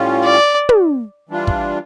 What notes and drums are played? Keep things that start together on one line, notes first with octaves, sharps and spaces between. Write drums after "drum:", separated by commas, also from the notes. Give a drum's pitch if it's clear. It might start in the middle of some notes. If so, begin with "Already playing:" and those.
Already playing: A2 G3 C#4 F4
D5
drum: tom
E3 G3 D4 F4
drum: kick